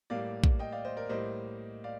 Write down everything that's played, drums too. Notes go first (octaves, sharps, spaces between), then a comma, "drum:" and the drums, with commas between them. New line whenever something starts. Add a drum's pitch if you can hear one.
A2 G3 A#3 D5 F5
drum: kick
D#5 G5
D5 F5
C5 D#5
A#4 D5
A2 G3 A#3 C5 D#5
D5 F5